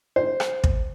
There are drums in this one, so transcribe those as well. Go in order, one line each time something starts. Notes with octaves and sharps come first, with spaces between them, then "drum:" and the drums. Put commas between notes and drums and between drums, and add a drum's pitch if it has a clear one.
C5
drum: rim click
drum: kick